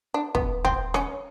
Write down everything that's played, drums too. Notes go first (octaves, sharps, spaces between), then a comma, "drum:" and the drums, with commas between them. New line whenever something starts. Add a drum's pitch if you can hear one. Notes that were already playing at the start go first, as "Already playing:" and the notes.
D4
B3, drum: kick
C4, drum: kick
C#4, drum: rim click